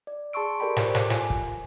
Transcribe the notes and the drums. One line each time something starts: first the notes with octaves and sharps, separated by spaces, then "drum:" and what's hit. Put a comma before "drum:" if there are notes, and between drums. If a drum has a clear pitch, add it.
D5
G#4 A5 C6 C#6 E6 D7
G4 A4 A#4 D5 G5 B5
F4 C5 G5, drum: snare
D6 F#6, drum: snare
F4 G#5, drum: snare
drum: kick